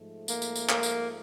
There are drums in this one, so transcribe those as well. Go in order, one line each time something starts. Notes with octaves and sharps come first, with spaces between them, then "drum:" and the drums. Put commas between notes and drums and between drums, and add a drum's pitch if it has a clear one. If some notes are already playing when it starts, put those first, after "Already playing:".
Already playing: G#2 F3 A3
A#3, drum: tambourine
drum: tambourine
drum: tambourine
A#3, drum: clap
drum: tambourine